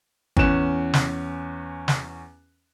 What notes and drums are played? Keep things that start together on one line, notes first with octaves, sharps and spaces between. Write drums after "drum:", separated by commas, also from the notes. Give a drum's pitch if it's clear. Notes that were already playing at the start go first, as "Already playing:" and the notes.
E2 C#4 F#6 E7, drum: kick G#1
drum: snare
drum: snare